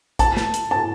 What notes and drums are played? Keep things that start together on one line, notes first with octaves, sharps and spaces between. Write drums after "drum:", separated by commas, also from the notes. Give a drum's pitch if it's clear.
A5, drum: kick A#1, hi-hat
drum: snare
drum: hi-hat
A5